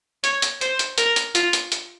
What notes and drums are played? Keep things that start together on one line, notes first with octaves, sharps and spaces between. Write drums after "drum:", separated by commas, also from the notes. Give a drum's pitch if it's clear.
C#5, drum: hi-hat
drum: hi-hat
C5, drum: hi-hat
drum: hi-hat
A#4, drum: hi-hat
drum: hi-hat
F4, drum: hi-hat
drum: hi-hat
drum: hi-hat